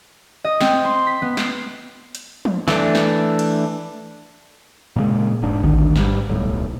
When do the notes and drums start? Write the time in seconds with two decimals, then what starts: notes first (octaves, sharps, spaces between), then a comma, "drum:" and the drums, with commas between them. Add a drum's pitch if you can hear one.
0.44 D#5
0.61 C4, drum: snare
0.84 C6
1.07 B6
1.22 B3
1.37 C7, drum: snare
2.15 drum: hi-hat
2.45 drum: tom
2.68 E3 A3 D4, drum: snare
2.95 drum: snare
3.39 drum: cymbal
4.96 A#2 C#3 E3 G#3
5.42 E1 G#2 D4
5.64 D2 D3 D#3, drum: kick A1
5.96 G#2 G3, drum: snare
6.29 D1 B1 A2